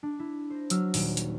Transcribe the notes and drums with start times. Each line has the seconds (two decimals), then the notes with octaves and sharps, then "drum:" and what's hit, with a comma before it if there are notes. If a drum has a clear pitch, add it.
0.03 D4
0.19 E4
0.50 C5 A#6
0.70 F#3 F#4 E6 F6, drum: hi-hat
0.94 D#1, drum: open hi-hat
1.17 drum: hi-hat